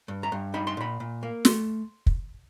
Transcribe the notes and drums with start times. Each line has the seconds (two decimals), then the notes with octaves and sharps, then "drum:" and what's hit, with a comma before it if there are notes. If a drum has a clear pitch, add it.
0.08 G2
0.23 A#5
0.32 G2
0.54 D#4 B5
0.67 C6
0.77 A#2 B5
1.00 A#2
1.23 A#3
1.45 A3 C6, drum: snare
2.06 drum: kick